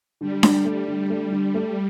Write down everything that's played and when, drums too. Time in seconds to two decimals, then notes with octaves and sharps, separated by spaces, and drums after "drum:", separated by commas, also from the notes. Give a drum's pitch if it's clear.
0.20 D3 G3
0.43 D3, drum: snare D4
0.65 A3
0.88 D3
1.10 A3
1.32 D3
1.54 A3